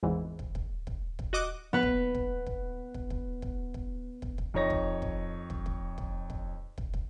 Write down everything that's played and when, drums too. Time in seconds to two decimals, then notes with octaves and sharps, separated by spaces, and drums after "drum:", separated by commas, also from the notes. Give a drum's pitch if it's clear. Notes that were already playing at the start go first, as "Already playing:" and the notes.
0.03 G#1 E2 G#2 E3
0.39 drum: kick
0.55 drum: kick
0.87 drum: kick
1.19 drum: kick
1.33 F#4 D#5 D6 D#6 F#6
1.73 B3 B4
1.83 drum: kick
2.15 drum: kick
2.47 drum: kick
2.94 drum: kick
3.10 drum: kick
3.42 drum: kick
3.74 drum: kick
4.22 drum: kick
4.38 drum: kick
4.54 F2 D#4 C#5 A#6
4.70 drum: kick
5.02 drum: kick
5.50 drum: kick
5.66 drum: kick
5.98 drum: kick
6.30 drum: kick
6.78 drum: kick
6.94 drum: kick